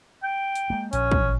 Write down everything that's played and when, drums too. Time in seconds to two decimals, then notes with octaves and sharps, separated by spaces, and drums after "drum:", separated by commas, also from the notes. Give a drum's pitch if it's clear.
0.24 G5
0.55 drum: hi-hat
0.70 G#3 A#3
0.93 A#1 C#4, drum: hi-hat
1.11 drum: kick